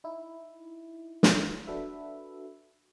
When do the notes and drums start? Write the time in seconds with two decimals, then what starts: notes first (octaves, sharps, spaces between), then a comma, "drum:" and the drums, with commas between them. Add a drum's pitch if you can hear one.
0.04 D#4 E4
1.23 drum: snare
1.67 D4 F#4 A4 B4 E5